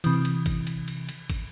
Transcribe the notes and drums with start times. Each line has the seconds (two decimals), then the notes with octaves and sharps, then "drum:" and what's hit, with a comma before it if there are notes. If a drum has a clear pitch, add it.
0.04 C3 E3, drum: cymbal
0.25 drum: cymbal
0.46 drum: kick, cymbal
0.67 drum: cymbal
0.88 drum: cymbal
1.09 drum: cymbal
1.30 drum: kick, cymbal